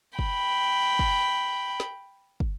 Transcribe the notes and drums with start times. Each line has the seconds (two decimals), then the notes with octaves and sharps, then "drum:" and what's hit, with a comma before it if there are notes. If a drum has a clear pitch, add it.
0.19 G5 B5, drum: kick
0.99 drum: kick
1.80 drum: snare
2.40 drum: kick